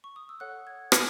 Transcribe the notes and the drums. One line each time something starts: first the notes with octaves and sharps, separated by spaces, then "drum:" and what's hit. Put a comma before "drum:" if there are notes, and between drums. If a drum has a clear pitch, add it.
C#6
D#6
E6
A4 C#5 F#5 F#6
G#6
G#6, drum: rim click